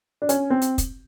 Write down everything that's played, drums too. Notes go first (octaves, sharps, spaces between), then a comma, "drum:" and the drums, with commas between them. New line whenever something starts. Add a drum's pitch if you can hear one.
D4
C#4, drum: hi-hat
C4
drum: hi-hat
drum: kick, hi-hat